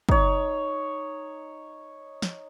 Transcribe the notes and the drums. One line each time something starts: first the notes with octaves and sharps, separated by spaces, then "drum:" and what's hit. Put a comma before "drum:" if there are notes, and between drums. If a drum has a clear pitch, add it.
D#4 C#5, drum: kick
drum: snare